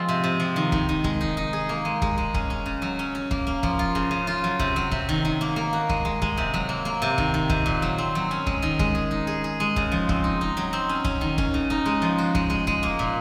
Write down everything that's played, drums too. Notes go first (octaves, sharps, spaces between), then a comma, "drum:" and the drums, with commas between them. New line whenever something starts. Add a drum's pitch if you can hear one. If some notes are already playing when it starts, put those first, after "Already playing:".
Already playing: F3 G#3 C4 F4
C3
C3
F3
D#3
D#3, drum: kick
D#3
G#3, drum: kick
D#4
D#4
G#4
A#3
G#3
G#3, drum: kick
G#3
C#4, drum: kick
C#4
C#3
F#3
C#4
C#4
A#3, drum: kick
A#3
F3, drum: kick
F4
C#3
C#3
F4
F#3
C3, drum: kick
F#3
C3, drum: kick
D#3
D#3
A#3
A#3
F#4
G#3, drum: kick
G#3
G#3, drum: kick
C3
F#3
A#3
A#3
C3
D#3, drum: kick
D#3
C3, drum: kick
A#2
F#3
C4
F#3
C#4
G#3, drum: kick
D#3
G#3, drum: kick
G#4
D#4
G#4
G#4
G#3
C#3, drum: kick
F3
C4, drum: kick
D#4
D#4
F#3
C4
C#4
C#4, drum: kick
D#3
C#4, drum: kick
C#3
D#4
G#3
F3
F#4
G#3, drum: kick
G#3
G#3, drum: kick
A#3
A#2